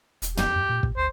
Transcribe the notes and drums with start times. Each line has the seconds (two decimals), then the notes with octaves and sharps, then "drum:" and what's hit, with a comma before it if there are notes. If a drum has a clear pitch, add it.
0.22 E1, drum: hi-hat
0.37 G4, drum: tom
0.56 F#2
0.69 A#2
0.83 A#2, drum: kick
0.97 D2 C5